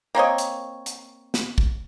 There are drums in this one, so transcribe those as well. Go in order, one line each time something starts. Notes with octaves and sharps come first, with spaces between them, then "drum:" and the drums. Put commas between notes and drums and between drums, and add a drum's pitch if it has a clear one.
A#3 C4 C#5 D#5
drum: hi-hat
drum: hi-hat
drum: snare
drum: kick A1